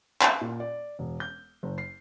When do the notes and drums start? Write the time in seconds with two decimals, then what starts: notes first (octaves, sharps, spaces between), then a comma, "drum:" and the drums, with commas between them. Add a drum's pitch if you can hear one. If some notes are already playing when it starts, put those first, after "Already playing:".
0.21 F5, drum: clap
0.41 A#2
0.60 D5
0.99 E1
1.20 G6
1.63 F#1
1.78 C7